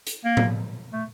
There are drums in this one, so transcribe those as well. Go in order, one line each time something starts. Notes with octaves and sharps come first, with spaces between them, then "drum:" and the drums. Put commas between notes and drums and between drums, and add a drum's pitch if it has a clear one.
drum: hi-hat
A#3
drum: tom A2
A3